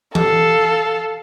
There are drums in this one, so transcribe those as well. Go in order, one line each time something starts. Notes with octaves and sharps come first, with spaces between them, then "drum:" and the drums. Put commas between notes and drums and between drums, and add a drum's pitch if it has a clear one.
A4 F5, drum: tom E3